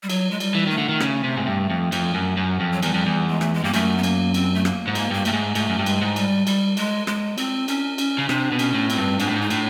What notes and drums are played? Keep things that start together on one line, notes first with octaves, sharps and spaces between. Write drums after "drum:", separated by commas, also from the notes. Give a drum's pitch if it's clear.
G3
F#3, drum: cymbal
G#3
G3, drum: cymbal
E3
D#3 A3
D3
D#3
C#3, drum: rim click
C3
G#2
G2
F2
F2, drum: cymbal
F#2
F#2
F2
F#3
E2 G3, drum: cymbal
F2
E2
G#3
A3, drum: rim click
G#3
G2 A#3
F#2 A3, drum: cymbal
B3
A#3, drum: cymbal
C4, drum: cymbal
A3
A#3, drum: rim click
G#2
A#3, drum: cymbal
G2 A#3
G2 A3, drum: cymbal
G#2
G#2 A3, drum: cymbal
F#2
G2
G#3, drum: cymbal
G#2
G3, drum: cymbal
G3, drum: cymbal
G#3, drum: cymbal
G#3, drum: rim click
C4, drum: cymbal
C#4, drum: cymbal
C#4, drum: cymbal
C#3
C3 D4, drum: rim click
B2
C#4, drum: cymbal
A2
C4, drum: cymbal
G2
G#2 D4, drum: cymbal
A2
G#2
D#4
A2 D4, drum: cymbal